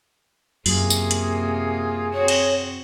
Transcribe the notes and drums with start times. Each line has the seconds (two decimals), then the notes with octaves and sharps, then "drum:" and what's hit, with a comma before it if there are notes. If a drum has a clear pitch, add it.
0.66 F#2 C3 A#3 F4 G#4, drum: open hi-hat
0.90 drum: tambourine
1.11 drum: hi-hat
2.13 C4 F#4 C#5
2.28 drum: cymbal